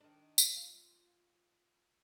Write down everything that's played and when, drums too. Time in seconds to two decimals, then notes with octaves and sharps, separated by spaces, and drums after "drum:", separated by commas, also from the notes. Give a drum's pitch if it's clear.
0.01 D#3 D4
0.38 drum: tambourine
0.57 F4